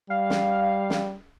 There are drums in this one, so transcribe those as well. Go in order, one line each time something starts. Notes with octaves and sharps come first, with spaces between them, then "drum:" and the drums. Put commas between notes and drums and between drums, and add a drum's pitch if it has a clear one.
G3 F5
drum: snare
drum: snare